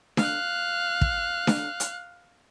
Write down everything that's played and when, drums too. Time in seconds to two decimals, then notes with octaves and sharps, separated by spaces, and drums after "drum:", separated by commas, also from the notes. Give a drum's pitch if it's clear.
0.17 F5 F#6, drum: snare D4
1.01 drum: kick
1.47 drum: snare D4
1.80 drum: hi-hat